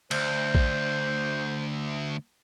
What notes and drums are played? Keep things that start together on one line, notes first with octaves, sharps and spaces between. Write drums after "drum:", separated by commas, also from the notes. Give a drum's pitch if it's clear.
D2 C5, drum: cymbal
drum: kick A#1